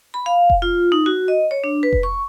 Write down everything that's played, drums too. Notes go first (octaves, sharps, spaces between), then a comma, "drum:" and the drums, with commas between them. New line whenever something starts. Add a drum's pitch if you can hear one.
B5
F5
drum: kick F1
F4
D#4
F#4
D#5
C#5
D4
B4
drum: kick F1
C#6